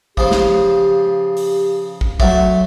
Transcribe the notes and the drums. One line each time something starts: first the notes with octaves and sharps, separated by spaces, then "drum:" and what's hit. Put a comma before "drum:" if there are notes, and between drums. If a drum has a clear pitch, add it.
C#3 F3 G4, drum: kick
drum: snare
drum: open hi-hat
drum: kick
F#3 A3, drum: kick